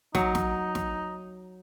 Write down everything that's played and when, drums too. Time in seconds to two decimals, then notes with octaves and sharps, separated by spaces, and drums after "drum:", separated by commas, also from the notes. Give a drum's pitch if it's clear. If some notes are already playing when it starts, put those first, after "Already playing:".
0.15 F#3 D#4, drum: snare
0.35 drum: snare
0.75 drum: snare